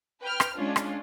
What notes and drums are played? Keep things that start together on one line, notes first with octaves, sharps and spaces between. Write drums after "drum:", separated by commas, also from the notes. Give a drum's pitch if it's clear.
B4 G5 F6
drum: rim click
G#3 C#4 D4 F4
drum: rim click